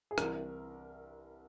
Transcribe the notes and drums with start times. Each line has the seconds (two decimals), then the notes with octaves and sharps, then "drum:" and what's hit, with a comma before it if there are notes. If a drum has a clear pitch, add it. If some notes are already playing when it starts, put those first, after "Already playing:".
0.11 G#4
0.18 C2 C3 E3 A#4, drum: rim click